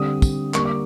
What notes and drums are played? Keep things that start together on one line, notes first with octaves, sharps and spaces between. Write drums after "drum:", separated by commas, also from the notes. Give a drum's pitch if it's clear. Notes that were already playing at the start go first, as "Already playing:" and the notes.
Already playing: D3 G3 C4 D#6
drum: kick, tambourine
D3 G3 A#3 C#6, drum: clap
D6